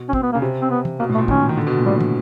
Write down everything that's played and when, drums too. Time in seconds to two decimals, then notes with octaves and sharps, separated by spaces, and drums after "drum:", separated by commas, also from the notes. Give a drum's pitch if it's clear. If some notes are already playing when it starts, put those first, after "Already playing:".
Already playing: B2
0.09 C#4
0.13 C4, drum: kick
0.23 B3
0.32 A#3
0.35 C#3
0.42 C3
0.62 C4
0.71 B3
0.85 drum: tom
0.99 B2 A#3
1.09 A2
1.14 A3
1.18 A#2
1.28 D#3 C#4, drum: kick
1.49 D#3
1.57 D3
1.67 B2
1.77 A#2
1.86 A2 G3
2.01 drum: tom